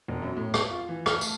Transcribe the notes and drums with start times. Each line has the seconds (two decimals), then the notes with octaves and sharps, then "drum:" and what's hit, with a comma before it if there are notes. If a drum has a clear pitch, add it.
0.08 E1
0.22 F#2
0.37 A2
0.54 C#6, drum: rim click
0.71 F4
0.89 E3
1.06 F6, drum: rim click
1.21 A3, drum: tambourine